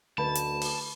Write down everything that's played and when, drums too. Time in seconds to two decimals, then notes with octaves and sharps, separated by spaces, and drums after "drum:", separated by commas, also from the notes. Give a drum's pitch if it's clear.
0.18 D2 D3 A3 B4 A5 B5
0.35 drum: hi-hat
0.61 drum: open hi-hat